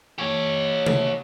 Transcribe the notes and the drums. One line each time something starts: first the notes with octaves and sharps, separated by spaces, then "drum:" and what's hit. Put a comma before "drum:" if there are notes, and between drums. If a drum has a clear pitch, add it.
G4 C#5
drum: tom C3